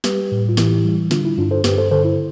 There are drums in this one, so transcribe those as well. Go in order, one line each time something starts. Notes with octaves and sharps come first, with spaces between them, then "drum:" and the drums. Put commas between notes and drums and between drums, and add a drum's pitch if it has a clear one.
G3 G4 B4, drum: snare
A2
F4
E3 E4 G4, drum: snare
G3
D3 D4 F4, drum: snare
E4
G2 D4 F4
A4 C5
G2 G4 B4, drum: snare
A4 C5
D3 A4 C5
E4